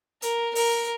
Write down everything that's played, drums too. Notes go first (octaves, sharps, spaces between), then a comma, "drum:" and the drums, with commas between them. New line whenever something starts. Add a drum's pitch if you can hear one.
A#4, drum: hi-hat
A#4, drum: open hi-hat